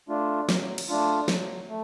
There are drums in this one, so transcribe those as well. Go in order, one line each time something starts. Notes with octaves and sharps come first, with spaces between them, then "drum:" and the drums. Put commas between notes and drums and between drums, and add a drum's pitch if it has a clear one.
A3 D4 F4
F#3, drum: snare
drum: cymbal
A3 D4 F4
F#3, drum: snare
A3